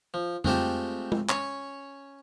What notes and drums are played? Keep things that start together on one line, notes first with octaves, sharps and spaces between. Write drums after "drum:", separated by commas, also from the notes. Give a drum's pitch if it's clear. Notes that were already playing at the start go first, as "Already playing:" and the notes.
F3
G#3 A3 C4 F4 G4 A4, drum: tom
drum: tom
C#4 C#5, drum: clap